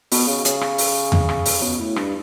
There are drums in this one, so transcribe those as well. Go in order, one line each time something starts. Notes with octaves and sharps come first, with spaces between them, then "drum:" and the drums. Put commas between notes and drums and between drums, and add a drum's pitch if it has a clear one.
B2, drum: open hi-hat
C#3
C#3, drum: hi-hat
drum: rim click
drum: open hi-hat
drum: tom E2
drum: rim click
drum: open hi-hat
B2
A2
G2, drum: rim click